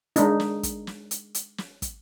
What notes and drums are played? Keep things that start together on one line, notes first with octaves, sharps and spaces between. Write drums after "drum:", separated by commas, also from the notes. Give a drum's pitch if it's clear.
G#3 D4 D#4, drum: hi-hat
drum: snare
drum: kick, hi-hat
drum: snare
drum: hi-hat
drum: hi-hat
drum: snare
drum: kick, hi-hat